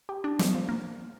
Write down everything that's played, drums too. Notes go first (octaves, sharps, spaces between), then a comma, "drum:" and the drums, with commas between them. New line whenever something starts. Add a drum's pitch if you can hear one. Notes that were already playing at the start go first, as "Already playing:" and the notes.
G4
D4
F3, drum: snare
F3
A#3